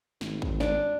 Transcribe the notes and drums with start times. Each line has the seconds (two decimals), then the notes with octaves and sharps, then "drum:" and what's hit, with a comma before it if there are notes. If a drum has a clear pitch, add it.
0.21 G#1, drum: snare
0.42 drum: kick
0.60 D4, drum: snare